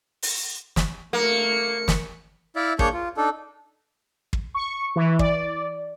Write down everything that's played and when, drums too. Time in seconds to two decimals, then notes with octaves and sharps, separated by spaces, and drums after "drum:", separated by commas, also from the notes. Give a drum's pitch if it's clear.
0.22 drum: open hi-hat
0.76 drum: snare
1.13 A3 A#3 C#7
1.88 drum: snare
2.56 E4 D5 E5 F5
2.79 A#3 D4 G#4 C#5 C#6 G6, drum: kick
2.93 F4
3.17 D4 D#4 A4
4.33 drum: kick
4.54 C#6
4.96 E3
5.19 D5, drum: kick